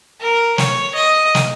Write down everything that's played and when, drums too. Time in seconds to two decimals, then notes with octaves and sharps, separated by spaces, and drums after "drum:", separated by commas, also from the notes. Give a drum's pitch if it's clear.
0.21 A#4
0.58 C#5, drum: snare
0.95 D#5
1.35 drum: snare